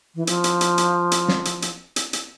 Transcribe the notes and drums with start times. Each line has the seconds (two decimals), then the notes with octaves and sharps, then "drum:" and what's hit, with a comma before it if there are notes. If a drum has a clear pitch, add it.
0.15 E3
0.27 F3, drum: hi-hat
0.44 drum: hi-hat
0.61 drum: hi-hat
0.78 drum: hi-hat
1.12 drum: hi-hat
1.28 drum: snare
1.45 drum: hi-hat
1.62 drum: hi-hat
1.96 drum: hi-hat
2.13 drum: hi-hat